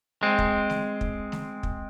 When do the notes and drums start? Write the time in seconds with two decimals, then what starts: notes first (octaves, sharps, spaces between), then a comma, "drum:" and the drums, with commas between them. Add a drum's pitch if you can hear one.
0.23 G#3 C4
0.38 drum: kick
0.70 drum: snare A3
1.01 drum: kick
1.32 drum: snare A3
1.63 drum: kick